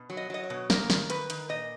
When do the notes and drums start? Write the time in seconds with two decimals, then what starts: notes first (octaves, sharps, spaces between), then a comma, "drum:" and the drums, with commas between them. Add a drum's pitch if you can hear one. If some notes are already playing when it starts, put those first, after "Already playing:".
Already playing: B2
0.10 F#3
0.17 D#5
0.30 F#3 D#5
0.43 C#5
0.50 B2
0.70 A#3 A#4, drum: snare
0.90 D#3, drum: snare
1.10 D#3 B4, drum: hi-hat
1.30 D#3, drum: hi-hat
1.49 A#2 D#5